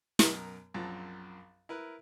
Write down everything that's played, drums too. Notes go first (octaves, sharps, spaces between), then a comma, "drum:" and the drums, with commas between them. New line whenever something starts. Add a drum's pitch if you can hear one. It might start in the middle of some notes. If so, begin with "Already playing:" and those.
F#2 B2 A#4, drum: snare
A#1 F#2 F3 C4 A5
E4 A#4 B4